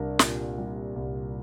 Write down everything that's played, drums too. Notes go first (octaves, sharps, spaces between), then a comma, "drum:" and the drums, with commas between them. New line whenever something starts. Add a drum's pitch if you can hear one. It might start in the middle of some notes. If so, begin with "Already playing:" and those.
Already playing: C2 G3 D4 A#4
A#2, drum: snare
G3
C2